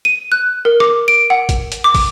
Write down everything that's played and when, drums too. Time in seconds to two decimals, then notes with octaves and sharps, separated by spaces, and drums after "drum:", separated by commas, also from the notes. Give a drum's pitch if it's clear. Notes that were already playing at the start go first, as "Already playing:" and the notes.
0.05 D#7
0.32 F#6
0.65 A#4
0.80 D6, drum: rim click
1.08 D7
1.30 F#5
1.49 drum: kick, hi-hat
1.72 drum: hi-hat
1.84 D6
1.95 drum: kick, open hi-hat